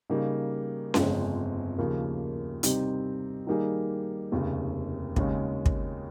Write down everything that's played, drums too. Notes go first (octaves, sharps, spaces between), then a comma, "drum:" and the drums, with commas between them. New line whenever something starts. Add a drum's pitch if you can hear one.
C#3 G3 A#3 D#4
G1 F2 C#3 G#3 C4, drum: snare C#4
D#2 C#3 F3 A#3
C3 G3 C4 D#4, drum: hi-hat
D#3 G3 A#3 D#4 G#4
F1 D#2 C#3
D#2 C#3 G#3 C#4, drum: kick
drum: kick